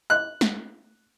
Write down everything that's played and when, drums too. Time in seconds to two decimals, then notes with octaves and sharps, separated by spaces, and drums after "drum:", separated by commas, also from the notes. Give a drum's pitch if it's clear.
0.10 F#6
0.41 drum: snare